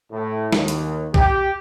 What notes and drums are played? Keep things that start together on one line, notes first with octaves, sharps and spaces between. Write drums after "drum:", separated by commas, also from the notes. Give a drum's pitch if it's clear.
A2
D#2, drum: snare
drum: hi-hat
G4, drum: kick A#1